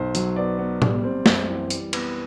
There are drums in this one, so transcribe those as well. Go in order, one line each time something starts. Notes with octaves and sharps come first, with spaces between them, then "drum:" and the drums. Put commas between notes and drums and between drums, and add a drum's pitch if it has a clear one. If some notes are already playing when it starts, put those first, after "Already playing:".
Already playing: B1 C5
F#3, drum: hi-hat
B3 D5
B3
G3, drum: tom A2
C4
F#2, drum: snare
E3
G3, drum: hi-hat
B3, drum: cymbal